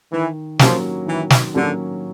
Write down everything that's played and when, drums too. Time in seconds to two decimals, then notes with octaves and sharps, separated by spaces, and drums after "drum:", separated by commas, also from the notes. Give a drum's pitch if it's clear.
0.12 D#3 E3
0.59 F3 F#3 A#3 C#4, drum: snare
1.06 D#3 E3
1.30 drum: snare
1.54 D3 F#3 A#3 C#4